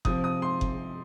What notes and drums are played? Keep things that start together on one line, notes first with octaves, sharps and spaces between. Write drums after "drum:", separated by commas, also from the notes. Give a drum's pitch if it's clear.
C3 F3 C4 D#6, drum: kick F#1
D#6
C6
drum: kick F#1